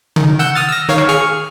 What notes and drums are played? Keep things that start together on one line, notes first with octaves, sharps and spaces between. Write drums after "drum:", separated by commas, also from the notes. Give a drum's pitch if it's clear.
D#3, drum: tom C3
F#5 E6 G6
D#6 F6 A6
E6 A#6
D#3 C#5 F5
drum: rim click
G#4 C#6 F6